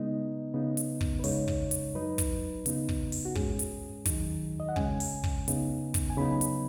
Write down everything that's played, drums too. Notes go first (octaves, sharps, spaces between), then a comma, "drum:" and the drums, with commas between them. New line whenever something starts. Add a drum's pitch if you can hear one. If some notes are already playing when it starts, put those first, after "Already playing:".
Already playing: C#3 G#3 B3 D#4 D#5
C#3 B3 D#4
drum: hi-hat
drum: kick
B4
C#3 G#3 D#4 C#5, drum: open hi-hat
drum: kick
drum: hi-hat
F#2 F#3 D#4 B4
drum: kick, hi-hat
C#3 B3 D#4, drum: hi-hat
drum: kick
drum: open hi-hat
F#4
G#2 G#3 C#4 G#4, drum: kick
drum: hi-hat
D#2 D#3 F#3 D#4, drum: kick, hi-hat
D#5
F#5
C#3 G#3 C#4 G#5, drum: kick
drum: open hi-hat
drum: kick
C#3 B3 D#4, drum: hi-hat
drum: kick, hi-hat
G#5
C#3 F#3 B3 D#4 B5
drum: hi-hat